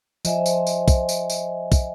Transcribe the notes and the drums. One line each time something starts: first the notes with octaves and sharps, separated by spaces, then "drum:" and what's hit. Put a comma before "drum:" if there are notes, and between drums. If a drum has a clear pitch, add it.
F3 D#5 E5 G#5, drum: tambourine
drum: tambourine
drum: tambourine
drum: kick, tambourine
drum: tambourine
drum: tambourine
drum: kick, tambourine